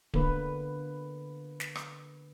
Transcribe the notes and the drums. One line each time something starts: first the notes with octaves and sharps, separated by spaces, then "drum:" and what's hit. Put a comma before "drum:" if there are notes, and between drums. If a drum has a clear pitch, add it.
D3 A#3 B4, drum: kick D1
drum: snare
drum: rim click